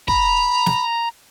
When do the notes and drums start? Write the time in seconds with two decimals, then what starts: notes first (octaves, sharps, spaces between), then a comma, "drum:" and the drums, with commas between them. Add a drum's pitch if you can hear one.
0.08 A#5 B5, drum: kick
0.66 drum: snare